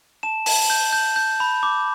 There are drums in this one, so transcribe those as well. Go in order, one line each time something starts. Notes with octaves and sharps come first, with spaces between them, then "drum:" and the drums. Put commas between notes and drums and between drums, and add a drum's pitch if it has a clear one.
A5 E7
A5, drum: open hi-hat
G6
G6
G6
B5
D6